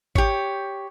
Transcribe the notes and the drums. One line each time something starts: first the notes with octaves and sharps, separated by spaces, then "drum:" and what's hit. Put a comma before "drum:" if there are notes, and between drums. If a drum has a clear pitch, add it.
G4 C#5, drum: kick G#1